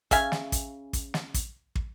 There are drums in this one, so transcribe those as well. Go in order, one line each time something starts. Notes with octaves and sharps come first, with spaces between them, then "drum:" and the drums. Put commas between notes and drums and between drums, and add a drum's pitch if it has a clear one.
C#3 E5 F5 G#5, drum: kick, hi-hat
drum: snare
drum: kick, hi-hat
drum: kick, hi-hat
drum: snare
drum: kick, hi-hat
drum: kick